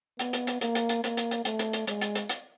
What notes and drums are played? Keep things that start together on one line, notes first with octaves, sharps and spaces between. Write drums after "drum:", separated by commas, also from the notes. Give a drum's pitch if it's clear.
B3, drum: hi-hat
drum: hi-hat
drum: hi-hat
A#3, drum: hi-hat
drum: hi-hat
drum: hi-hat
A#3, drum: hi-hat
drum: hi-hat
drum: hi-hat
A3, drum: hi-hat
drum: hi-hat
drum: hi-hat
G#3, drum: hi-hat
drum: hi-hat
drum: hi-hat
drum: hi-hat